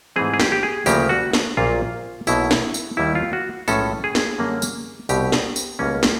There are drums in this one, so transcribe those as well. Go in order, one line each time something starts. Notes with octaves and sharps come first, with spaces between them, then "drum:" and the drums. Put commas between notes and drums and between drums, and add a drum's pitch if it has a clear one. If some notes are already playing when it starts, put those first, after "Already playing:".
G#2 E3 A3 C4 G#4
G#4
G4, drum: snare
G4
G#4
D2 C#3 F3 A#3 G4, drum: tambourine
F#4
drum: snare
A#1 A#2 F#3 A#3 F4
B1 B2 F#3 A#3 E4, drum: tambourine
drum: snare
drum: tambourine
D#2 D#3 G3 E4
F4
F#4
B1 A2 F3 G#3 C#4 A4, drum: tambourine
G#4
drum: snare
F#2 D3 G3 A#3 C#4
drum: tambourine
C2 B2 G3 C4 G4, drum: tambourine
drum: snare
drum: tambourine
C#2 B2 G3 A#3 C#4
drum: snare